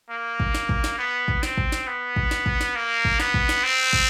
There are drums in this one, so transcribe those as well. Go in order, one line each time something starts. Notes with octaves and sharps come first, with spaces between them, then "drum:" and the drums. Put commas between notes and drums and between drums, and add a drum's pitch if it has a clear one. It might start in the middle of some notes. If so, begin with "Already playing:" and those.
A#3
drum: kick
drum: snare
drum: kick
drum: snare
B3
drum: kick
C4, drum: snare
drum: kick
drum: snare
B3
drum: kick
drum: snare
drum: kick
drum: snare
A#3
drum: kick
B3, drum: snare
drum: kick
drum: snare
C4
drum: kick